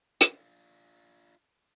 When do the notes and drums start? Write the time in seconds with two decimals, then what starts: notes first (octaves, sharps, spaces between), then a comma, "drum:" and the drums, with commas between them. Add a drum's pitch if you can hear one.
0.21 D4 F4, drum: hi-hat